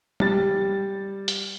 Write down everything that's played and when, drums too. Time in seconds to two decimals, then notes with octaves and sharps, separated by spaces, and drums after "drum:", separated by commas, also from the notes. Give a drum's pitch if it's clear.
0.20 G3 A6, drum: tom G3
1.28 drum: hi-hat